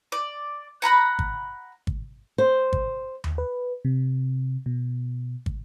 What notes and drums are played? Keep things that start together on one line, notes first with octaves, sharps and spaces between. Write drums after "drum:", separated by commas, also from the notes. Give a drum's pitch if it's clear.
D5
F#5 A#5 B5 F#6
drum: kick
drum: kick
C5
drum: kick
drum: tom D#2
B4
C3
B2
drum: kick